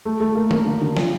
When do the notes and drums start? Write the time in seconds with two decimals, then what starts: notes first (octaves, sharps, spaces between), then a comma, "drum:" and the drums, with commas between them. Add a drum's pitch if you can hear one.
0.05 A3
0.20 A3
0.35 A#3
0.51 A#3, drum: tom
0.66 D3
0.81 D3
0.97 F3, drum: snare